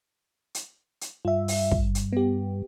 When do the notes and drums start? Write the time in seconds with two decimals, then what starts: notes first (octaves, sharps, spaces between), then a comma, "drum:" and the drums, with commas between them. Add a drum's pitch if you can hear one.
0.55 drum: hi-hat
1.01 drum: hi-hat
1.25 G2 F4 E5
1.48 drum: open hi-hat
1.71 drum: kick
1.95 drum: hi-hat
2.13 B3 G4